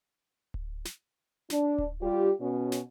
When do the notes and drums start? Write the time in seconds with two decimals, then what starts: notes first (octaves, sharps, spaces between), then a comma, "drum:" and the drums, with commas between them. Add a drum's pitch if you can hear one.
0.54 drum: kick D1
0.85 drum: snare
1.50 D4, drum: snare
1.79 drum: kick D1
2.02 G3 F4 G4
2.41 B2 C#4
2.72 drum: snare